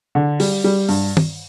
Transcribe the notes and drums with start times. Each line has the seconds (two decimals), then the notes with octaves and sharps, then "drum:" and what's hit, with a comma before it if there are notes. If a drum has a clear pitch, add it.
0.15 D3
0.40 G3, drum: open hi-hat
0.64 G3
0.89 G2, drum: open hi-hat
1.17 drum: tom